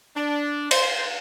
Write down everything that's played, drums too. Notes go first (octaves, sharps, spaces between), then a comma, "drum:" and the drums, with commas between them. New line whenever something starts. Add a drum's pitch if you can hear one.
D4
C5, drum: cymbal